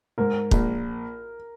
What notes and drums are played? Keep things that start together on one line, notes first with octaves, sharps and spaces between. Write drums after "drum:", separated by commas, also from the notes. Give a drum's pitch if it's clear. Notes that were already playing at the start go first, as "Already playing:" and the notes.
G#2 A#4
A#1, drum: kick